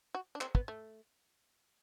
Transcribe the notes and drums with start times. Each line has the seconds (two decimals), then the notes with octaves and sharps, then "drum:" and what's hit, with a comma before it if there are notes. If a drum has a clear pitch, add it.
0.15 F#4
0.35 D4
0.41 C4, drum: clap
0.55 B3, drum: kick
0.68 A3